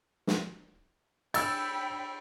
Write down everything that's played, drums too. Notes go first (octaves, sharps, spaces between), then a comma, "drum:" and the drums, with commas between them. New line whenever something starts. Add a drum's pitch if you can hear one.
drum: snare
G5 B5 E6 A6, drum: cymbal